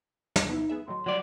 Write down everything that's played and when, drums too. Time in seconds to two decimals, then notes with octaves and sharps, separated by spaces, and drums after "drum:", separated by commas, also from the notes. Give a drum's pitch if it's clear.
0.36 drum: snare
0.48 B2 B3 D#4 E4
0.69 B3 G#4 E5
0.88 A2 D#3 F#3 C6
1.06 F#3 G3 C5 D5